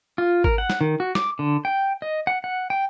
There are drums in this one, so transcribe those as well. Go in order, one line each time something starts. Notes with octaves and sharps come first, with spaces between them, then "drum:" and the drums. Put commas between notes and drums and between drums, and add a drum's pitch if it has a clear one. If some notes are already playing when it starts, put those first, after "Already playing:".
F4
A#4, drum: kick G#1
F#5
drum: snare
D#3
F#4
D6, drum: snare
D3
G5
D#5
F#5
F#5
G5